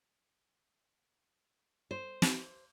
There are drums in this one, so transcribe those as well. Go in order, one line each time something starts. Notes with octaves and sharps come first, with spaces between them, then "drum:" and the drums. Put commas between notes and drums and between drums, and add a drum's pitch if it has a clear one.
C5
drum: snare